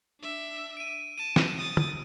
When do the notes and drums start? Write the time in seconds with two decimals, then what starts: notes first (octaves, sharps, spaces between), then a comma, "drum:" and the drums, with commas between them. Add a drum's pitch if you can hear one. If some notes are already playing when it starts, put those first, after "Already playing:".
0.21 D4 E5
0.77 D7 D#7
1.18 A5 D#7
1.36 drum: snare
1.58 D#6 A6
1.77 drum: tom